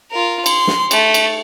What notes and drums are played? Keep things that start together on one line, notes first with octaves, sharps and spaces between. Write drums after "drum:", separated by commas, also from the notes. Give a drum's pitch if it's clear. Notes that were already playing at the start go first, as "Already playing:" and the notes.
F4 A#4
C6, drum: cymbal
drum: snare
A3, drum: cymbal
drum: cymbal